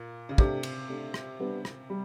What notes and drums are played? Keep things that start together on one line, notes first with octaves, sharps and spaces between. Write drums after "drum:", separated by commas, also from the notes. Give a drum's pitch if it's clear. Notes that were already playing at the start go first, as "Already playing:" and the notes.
Already playing: A#2
C#3
C3 A3 D4 G4, drum: kick
drum: cymbal
A3 D4 G4
drum: rim click
G3 B3 D4 G4 B4
drum: rim click
G3